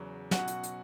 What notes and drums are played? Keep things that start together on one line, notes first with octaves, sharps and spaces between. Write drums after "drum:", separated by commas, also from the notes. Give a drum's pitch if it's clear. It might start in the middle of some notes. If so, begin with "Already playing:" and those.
Already playing: E2 C#3 F#3
B2 F#3 C#4 F#4 F#5, drum: snare
drum: hi-hat
drum: hi-hat